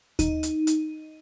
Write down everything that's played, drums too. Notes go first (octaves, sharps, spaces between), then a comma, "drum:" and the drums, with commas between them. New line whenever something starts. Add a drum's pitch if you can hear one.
D#4, drum: kick D#2, hi-hat
drum: hi-hat
drum: hi-hat